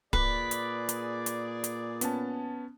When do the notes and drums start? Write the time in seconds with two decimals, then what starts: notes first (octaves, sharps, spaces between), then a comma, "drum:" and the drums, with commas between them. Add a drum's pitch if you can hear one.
0.13 A#2 G#4 B4 D5, drum: kick D1
0.51 drum: hi-hat
0.89 drum: hi-hat
1.26 drum: hi-hat
1.64 drum: hi-hat
2.01 B3 C#4 A5, drum: hi-hat